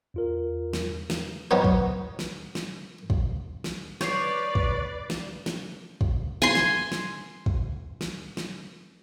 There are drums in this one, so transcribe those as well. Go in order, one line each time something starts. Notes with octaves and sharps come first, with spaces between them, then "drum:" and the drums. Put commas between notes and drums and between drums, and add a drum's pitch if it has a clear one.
E2 F4 A#4
drum: snare
drum: snare
F#3 B3 D#4 C5
drum: kick
drum: snare
drum: snare
drum: kick
drum: snare
B4 C#5 D5 G6 C7, drum: snare
drum: kick
drum: snare
drum: snare
drum: kick
G#5 C6
drum: snare
drum: snare
drum: kick
drum: snare
drum: snare